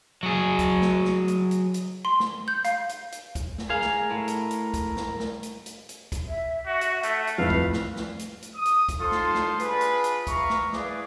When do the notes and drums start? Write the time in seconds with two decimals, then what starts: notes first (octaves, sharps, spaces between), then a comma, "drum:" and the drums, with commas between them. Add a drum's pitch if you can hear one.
0.23 F#3 G#4
0.59 drum: kick, hi-hat
0.82 drum: snare
1.05 drum: snare
1.28 drum: hi-hat
1.51 drum: hi-hat
1.74 drum: hi-hat
2.05 C6
2.20 drum: snare
2.48 G6
2.65 F5, drum: hi-hat
2.89 drum: hi-hat
3.12 drum: hi-hat
3.35 drum: kick, hi-hat
3.58 drum: snare
3.70 G#4 A#4 F5
3.81 drum: snare
4.11 A2
4.28 drum: hi-hat
4.51 drum: hi-hat
4.74 drum: kick, hi-hat
4.97 drum: snare
5.20 drum: snare
5.43 drum: hi-hat
5.66 drum: hi-hat
5.89 drum: hi-hat
6.12 drum: kick, hi-hat
6.28 E5
6.67 F#4
6.81 drum: hi-hat
7.03 A3, drum: hi-hat
7.27 drum: hi-hat
7.38 F2 A2 B4 F5
7.50 drum: kick
7.73 drum: snare
7.96 drum: snare
8.19 drum: hi-hat
8.42 drum: hi-hat
8.55 D#6
8.65 drum: hi-hat
8.89 drum: kick, hi-hat
9.00 D#4 F4 A4 C5 C6 D#6
9.12 drum: snare
9.35 drum: snare
9.59 D4 F4 G#4 B4, drum: hi-hat
9.81 drum: hi-hat
10.04 drum: hi-hat
10.27 E5 F5 A#5 B5 C#6, drum: kick, hi-hat
10.50 drum: snare
10.73 E4 G#4 B4 D5 F5 D6, drum: snare